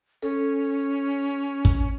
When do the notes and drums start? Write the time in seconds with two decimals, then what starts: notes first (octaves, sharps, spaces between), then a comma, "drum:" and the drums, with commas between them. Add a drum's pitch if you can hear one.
0.23 C#4 A4
1.65 drum: kick